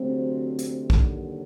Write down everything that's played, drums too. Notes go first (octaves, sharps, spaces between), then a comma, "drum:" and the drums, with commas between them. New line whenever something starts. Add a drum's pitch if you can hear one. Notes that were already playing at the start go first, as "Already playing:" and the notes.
Already playing: D2 C3 F#3 C4
drum: hi-hat
D#2 D3 F#3, drum: kick